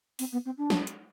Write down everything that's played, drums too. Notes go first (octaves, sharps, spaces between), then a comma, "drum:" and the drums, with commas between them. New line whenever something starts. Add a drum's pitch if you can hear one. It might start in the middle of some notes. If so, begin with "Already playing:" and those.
C4, drum: open hi-hat
B3
C4
D4
drum: snare
drum: hi-hat